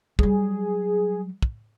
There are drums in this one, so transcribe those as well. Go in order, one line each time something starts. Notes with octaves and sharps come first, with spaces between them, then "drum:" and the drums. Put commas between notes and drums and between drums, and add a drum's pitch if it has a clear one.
F#3 G3 G#4, drum: kick
drum: kick